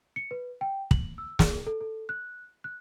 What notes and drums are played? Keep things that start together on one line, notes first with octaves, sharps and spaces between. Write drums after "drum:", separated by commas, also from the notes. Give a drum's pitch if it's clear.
C#7
B4
G5
F#7, drum: kick
E6
G#4, drum: snare
A4
A4
F#6
F#6